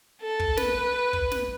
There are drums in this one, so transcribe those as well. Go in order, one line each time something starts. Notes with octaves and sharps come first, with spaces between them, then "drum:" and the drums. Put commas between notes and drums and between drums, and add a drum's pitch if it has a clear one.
A4
drum: kick
B4, drum: snare
drum: kick
drum: snare